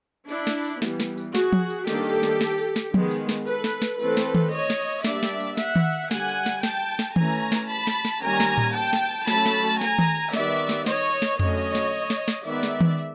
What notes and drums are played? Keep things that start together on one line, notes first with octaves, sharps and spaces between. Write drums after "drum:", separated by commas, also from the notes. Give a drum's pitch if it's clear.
D4 E4, drum: tambourine
drum: snare
drum: tambourine
E3 G3 B3, drum: snare
drum: snare
drum: tambourine
F#4 G#4, drum: snare
drum: tom F3
drum: tambourine
D#3 G3 A#3 D4 G4 A4, drum: snare
drum: tambourine
drum: snare
drum: snare
drum: tambourine
drum: snare
D#3 G#3 B3, drum: tom F3
drum: tambourine
drum: snare
A4 B4, drum: tambourine
drum: snare
drum: snare
E3 A3 C4 A4 B4, drum: tambourine
drum: snare
drum: tom D#3
C#5 D#5, drum: tambourine
drum: snare
drum: tambourine
G3 A#3 D4 D5 E5, drum: snare
drum: snare
drum: tambourine
E5 F#5, drum: snare
drum: tom D#3
drum: tambourine
D3 G3 A#3 F#5 G#5, drum: snare
drum: tambourine
drum: snare
G5 A5, drum: snare
drum: snare
E3 A3 C#4 G#5 A#5, drum: tom D#3
drum: tambourine
drum: snare
A5 B5, drum: tambourine
drum: snare
drum: snare
D#3 G3 A#3 C#4 G#5 A#5, drum: tambourine
drum: snare
drum: tom A2
G5 A5, drum: tambourine
drum: snare
drum: tambourine
F#3 A3 C#4 A5 B5, drum: snare
drum: snare
drum: tambourine
G#5 A#5, drum: snare
drum: tom D#3
drum: tambourine
D#3 G3 B3 D5 E5, drum: snare
drum: tambourine
drum: snare
C#5 D#5, drum: snare
drum: tambourine
drum: snare
D3 F#3 A3 C#4 C#5 D#5, drum: tom F2
drum: tambourine
drum: snare
drum: tambourine
drum: snare
drum: snare
D#3 G#3 B3 D5 E5, drum: tambourine
drum: snare
drum: tom D#3
drum: tambourine